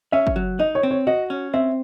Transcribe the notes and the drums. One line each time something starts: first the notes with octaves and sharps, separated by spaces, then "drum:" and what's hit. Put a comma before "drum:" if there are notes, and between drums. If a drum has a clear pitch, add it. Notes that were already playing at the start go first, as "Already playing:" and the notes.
C#4 E5
drum: kick
F#3
D#4 D#5
C#5
C4
C#5
F#4 D#5
C#4
C4 E5